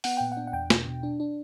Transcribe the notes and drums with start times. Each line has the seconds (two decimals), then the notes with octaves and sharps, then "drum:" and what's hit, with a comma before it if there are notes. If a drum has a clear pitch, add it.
0.04 B3 F#5, drum: open hi-hat
0.17 A#2 G5
0.32 F#5
0.37 D4
0.47 F#5
0.53 E2 G5
0.70 B2, drum: snare
0.87 B2
1.03 D4
1.20 D4